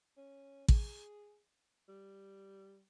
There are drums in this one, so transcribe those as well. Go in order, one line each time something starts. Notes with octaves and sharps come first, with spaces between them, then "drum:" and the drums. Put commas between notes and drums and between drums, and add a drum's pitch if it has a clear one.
C#4
G#4, drum: kick A1
G3